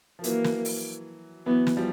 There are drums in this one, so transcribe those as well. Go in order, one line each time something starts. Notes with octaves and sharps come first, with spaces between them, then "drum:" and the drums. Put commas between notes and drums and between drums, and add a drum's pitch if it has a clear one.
F3
E3 F#3 A#3, drum: hi-hat
drum: snare
drum: open hi-hat
E3 F#3 B3
drum: snare
F3 G3